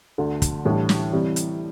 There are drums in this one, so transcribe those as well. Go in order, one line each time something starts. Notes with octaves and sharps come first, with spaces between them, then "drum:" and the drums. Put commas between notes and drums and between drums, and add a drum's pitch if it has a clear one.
D2 D3 A3
drum: kick, hi-hat
A1 A2 E3 G3 D4
drum: snare
C3 E3 G3
drum: hi-hat